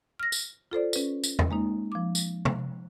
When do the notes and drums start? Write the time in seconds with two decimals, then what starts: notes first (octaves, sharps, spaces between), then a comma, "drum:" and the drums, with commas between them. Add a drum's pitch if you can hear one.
0.19 F6 A#6
0.32 drum: tambourine
0.71 F4 A4 C5 D5
0.93 C#4 B4, drum: tambourine
1.24 drum: tambourine
1.39 drum: tom E2
1.51 G#3 A#3 D#4
1.92 F3 D6
2.15 drum: tambourine
2.45 drum: tom C3